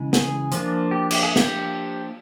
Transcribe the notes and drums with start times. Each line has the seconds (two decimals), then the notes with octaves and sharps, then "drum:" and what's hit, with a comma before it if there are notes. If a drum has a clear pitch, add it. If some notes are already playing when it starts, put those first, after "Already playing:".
Already playing: C#3 E3 G#3
0.13 G#4, drum: snare
0.52 F3 A#3 D4 F4, drum: hi-hat
0.91 G4
1.11 G4, drum: cymbal
1.23 G#4
1.36 G4, drum: snare